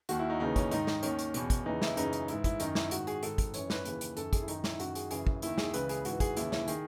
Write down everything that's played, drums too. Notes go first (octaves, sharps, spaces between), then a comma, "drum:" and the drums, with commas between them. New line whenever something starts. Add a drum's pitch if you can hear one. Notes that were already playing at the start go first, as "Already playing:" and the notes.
D#2 D#3 F#4, drum: hi-hat
E4
D#4
D#2 C#3 E3 D#4
C#4, drum: kick, hi-hat
G#2 D#3 D#4, drum: hi-hat
drum: snare
D#2 D#3 C#4, drum: hi-hat
drum: hi-hat
E2 B2, drum: hi-hat
drum: kick, hi-hat
D#2 C#3 E3 D#4
E4, drum: snare
F#2 C#3 E3 D#4, drum: hi-hat
drum: hi-hat
G#2 E3 E4, drum: hi-hat
E4, drum: kick, hi-hat
F#2 D#3 D#4, drum: hi-hat
E4, drum: snare
G#2 D#3 F#4, drum: hi-hat
G#4, drum: hi-hat
G#2 D#3 A4, drum: hi-hat
drum: kick, hi-hat
F#2 E3 C#5, drum: hi-hat
B4, drum: snare
D#2 C#3 E3, drum: hi-hat
drum: hi-hat
F#2 D#3 A4, drum: hi-hat
G#4, drum: kick, hi-hat
E4
F#2 D#3 D#4, drum: hi-hat
E4, drum: snare
F#2 D#3 F#4, drum: hi-hat
G#4, drum: hi-hat
F#2 C#3 E3 G#4, drum: hi-hat
drum: kick
D#2 D#3 E4, drum: hi-hat
G#4, drum: snare
C#2 C#3 E3 B4, drum: hi-hat
G#4, drum: hi-hat
G#2 E3 F#4, drum: hi-hat
G#4, drum: kick, hi-hat
D#2 C#3 E3 E4, drum: hi-hat
E4, drum: snare
D#3 G#4, drum: hi-hat